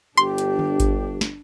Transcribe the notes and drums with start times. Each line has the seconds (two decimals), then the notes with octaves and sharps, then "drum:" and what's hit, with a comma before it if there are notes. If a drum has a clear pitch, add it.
0.17 G1 D4 G4 C6
0.38 drum: hi-hat
0.59 drum: tom D3
0.80 drum: kick G#1, hi-hat
1.21 drum: snare